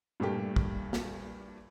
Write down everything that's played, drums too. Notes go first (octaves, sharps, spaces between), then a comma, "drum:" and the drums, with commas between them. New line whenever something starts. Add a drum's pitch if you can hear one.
G2 A#2 A3 G4
drum: kick
drum: snare